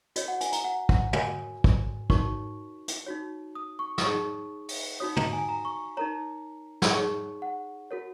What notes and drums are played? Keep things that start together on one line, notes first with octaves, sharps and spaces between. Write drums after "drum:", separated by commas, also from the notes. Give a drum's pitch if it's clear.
F#4 C#5 D#5, drum: hi-hat
F#5
G#5, drum: hi-hat
A#5, drum: hi-hat
F#5
F#5, drum: kick
F#4 A#4 C#5 G#5, drum: tom
drum: kick
D#4 F#4 A#4 C#5 C#6, drum: kick
drum: hi-hat
D#4 F#4 C#5
D#6
C#6
D#6, drum: snare
D#4 G#4 C#5 C#6
drum: open hi-hat
D#4 F#4 C#5 D#6
A#5, drum: tom
G#5
A#5
C#6
D#4 A#4 C#5 A#5
drum: snare
D#4 G#4 C#5 C#6
F#5
F#4 A#4 C#5